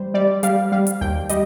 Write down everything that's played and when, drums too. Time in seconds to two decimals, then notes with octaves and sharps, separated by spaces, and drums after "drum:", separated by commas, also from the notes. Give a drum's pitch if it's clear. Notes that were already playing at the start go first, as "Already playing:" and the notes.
Already playing: G3 C5
0.14 G3 D5
0.43 G3 F5, drum: hi-hat
0.72 G3 F5
0.87 drum: hi-hat
1.01 D#2 G5
1.29 G3 D#5, drum: hi-hat